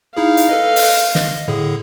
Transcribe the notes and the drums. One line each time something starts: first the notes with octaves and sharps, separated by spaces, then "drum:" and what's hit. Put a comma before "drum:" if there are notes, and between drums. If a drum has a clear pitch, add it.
D#4 E4 G#4 F5
drum: hi-hat
A4 B4 D#5
drum: open hi-hat
D#5, drum: snare
A2 D3 G#4